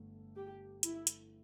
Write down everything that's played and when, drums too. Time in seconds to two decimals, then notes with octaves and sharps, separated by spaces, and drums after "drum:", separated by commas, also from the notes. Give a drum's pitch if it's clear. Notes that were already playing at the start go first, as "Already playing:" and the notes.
Already playing: G1 A3
0.36 G4
0.83 E4, drum: hi-hat
1.07 drum: hi-hat